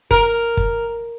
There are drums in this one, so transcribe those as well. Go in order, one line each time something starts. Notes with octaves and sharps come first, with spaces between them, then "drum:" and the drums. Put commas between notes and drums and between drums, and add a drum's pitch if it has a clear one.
A#4, drum: kick
drum: kick